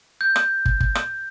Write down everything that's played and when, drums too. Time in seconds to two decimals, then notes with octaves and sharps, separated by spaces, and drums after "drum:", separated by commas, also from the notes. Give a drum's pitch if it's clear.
0.21 G6
0.36 drum: rim click
0.66 drum: kick
0.80 drum: kick
0.95 drum: rim click